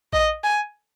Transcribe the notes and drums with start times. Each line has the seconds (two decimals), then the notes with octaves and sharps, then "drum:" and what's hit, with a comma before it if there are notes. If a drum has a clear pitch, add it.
0.13 D#5, drum: kick A#1
0.43 G#5